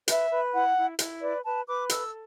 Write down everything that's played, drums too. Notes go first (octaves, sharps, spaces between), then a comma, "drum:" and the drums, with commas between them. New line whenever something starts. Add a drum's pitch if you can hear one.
B4 E5, drum: hi-hat
B4
E4 F#5
E4
E4, drum: hi-hat
B4 D5
B4 A5
B4 D6
A4 E6, drum: hi-hat